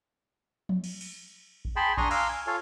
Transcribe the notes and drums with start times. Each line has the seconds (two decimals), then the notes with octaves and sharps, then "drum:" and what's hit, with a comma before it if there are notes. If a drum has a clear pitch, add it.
0.69 drum: tom F3
0.84 drum: cymbal
1.01 drum: open hi-hat
1.65 drum: kick A1
1.76 G#4 G5 A5 B5 C6
1.97 D4 G#5 A#5 C6 C#6 D#6, drum: kick A1
2.11 F5 A#5 C6 D6 E6, drum: cymbal
2.29 G#5
2.47 F4 A4 C#5 F5